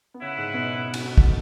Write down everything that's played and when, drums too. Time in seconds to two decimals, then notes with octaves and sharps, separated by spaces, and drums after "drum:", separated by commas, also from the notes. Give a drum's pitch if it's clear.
0.14 B3
0.22 C#3 C#4 E4 B4 F#5
0.37 G#2 G#3
0.54 B2 B3
0.94 drum: cymbal
1.18 drum: kick